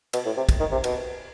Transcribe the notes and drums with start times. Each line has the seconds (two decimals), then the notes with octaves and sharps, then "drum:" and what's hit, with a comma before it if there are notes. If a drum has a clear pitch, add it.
0.13 B2, drum: cymbal
0.26 A2
0.37 C3
0.49 drum: kick, cymbal
0.60 D#3
0.72 C3
0.84 B2, drum: cymbal